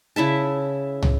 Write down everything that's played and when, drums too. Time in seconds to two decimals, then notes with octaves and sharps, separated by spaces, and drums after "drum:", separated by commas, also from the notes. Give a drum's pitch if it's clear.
0.16 C#3 E4 E5 A5
1.02 drum: tom